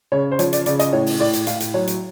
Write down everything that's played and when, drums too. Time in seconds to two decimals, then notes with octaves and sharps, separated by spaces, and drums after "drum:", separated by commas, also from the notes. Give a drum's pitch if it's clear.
0.12 C#3 C#5
0.31 C5
0.39 F3 C#5, drum: hi-hat
0.53 D5, drum: hi-hat
0.66 C#3 D5, drum: hi-hat
0.79 D#5, drum: hi-hat
0.93 A2 C#5
1.06 drum: open hi-hat
1.20 A2 D5
1.33 drum: hi-hat
1.47 A2 F5, drum: hi-hat
1.60 drum: hi-hat
1.74 F#3 C#5
1.87 drum: hi-hat